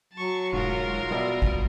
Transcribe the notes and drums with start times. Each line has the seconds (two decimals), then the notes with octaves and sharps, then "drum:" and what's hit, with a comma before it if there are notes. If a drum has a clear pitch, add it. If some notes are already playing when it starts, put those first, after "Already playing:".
0.13 F#3 A5 C#6
0.53 E1 G#2 F4 A#4
1.11 B2 G3 D5 E5
1.42 drum: kick G#1